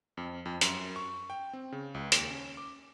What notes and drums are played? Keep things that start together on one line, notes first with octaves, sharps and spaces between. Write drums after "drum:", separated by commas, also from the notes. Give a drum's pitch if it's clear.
F2
F2
F#2, drum: hi-hat
C#6
G5
C4
C#3
C#2
D#2, drum: hi-hat
C#4
D6